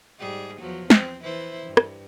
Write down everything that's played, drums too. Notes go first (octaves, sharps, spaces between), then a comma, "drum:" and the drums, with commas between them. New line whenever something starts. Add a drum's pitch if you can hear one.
G#2 G3 G#4
E2 F3 F#3
C4, drum: snare
E3 E4 C5
G2
drum: rim click